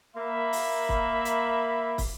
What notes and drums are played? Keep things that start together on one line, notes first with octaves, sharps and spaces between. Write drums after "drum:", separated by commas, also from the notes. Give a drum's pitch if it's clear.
A#3 E5 B5
drum: open hi-hat
drum: kick
drum: hi-hat
drum: kick, open hi-hat